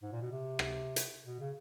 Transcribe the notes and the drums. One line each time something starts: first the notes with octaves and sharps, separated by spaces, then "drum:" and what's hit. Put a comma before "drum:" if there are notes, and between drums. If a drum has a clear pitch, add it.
G#2
A#2
B2
C3
drum: rim click
drum: hi-hat
B2
C#3